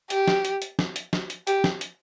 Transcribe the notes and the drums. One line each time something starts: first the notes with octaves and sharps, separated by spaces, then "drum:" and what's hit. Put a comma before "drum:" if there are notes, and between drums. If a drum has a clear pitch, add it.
G4, drum: hi-hat
drum: snare
drum: hi-hat
drum: hi-hat
drum: snare
drum: hi-hat
drum: snare
drum: hi-hat
G4, drum: hi-hat
drum: snare
drum: hi-hat